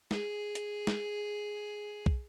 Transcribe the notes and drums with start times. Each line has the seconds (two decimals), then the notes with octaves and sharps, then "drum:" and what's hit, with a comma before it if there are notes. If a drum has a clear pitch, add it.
0.11 G#4, drum: snare
0.55 drum: hi-hat
0.87 drum: snare
2.06 drum: kick